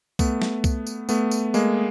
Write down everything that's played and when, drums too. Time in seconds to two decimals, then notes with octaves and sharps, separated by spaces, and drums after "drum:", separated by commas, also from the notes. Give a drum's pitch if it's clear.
0.19 A3 B3, drum: kick C2, tambourine
0.42 drum: snare
0.64 drum: kick C2, tambourine
0.86 drum: tambourine
1.09 A3 B3, drum: tambourine
1.31 drum: tambourine
1.54 G#3 A#3, drum: tambourine